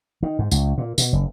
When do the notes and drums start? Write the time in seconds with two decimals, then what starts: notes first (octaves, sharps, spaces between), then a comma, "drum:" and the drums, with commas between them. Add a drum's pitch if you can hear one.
0.23 D#3
0.39 G#2
0.52 C#2, drum: tambourine
0.78 A#2
0.98 B2, drum: tambourine
1.13 F#1